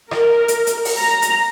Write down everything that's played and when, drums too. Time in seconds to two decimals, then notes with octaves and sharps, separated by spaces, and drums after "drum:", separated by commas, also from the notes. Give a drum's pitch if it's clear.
0.11 A#4, drum: rim click
0.48 drum: hi-hat
0.67 drum: hi-hat
0.85 drum: open hi-hat
0.97 A#5
1.22 drum: hi-hat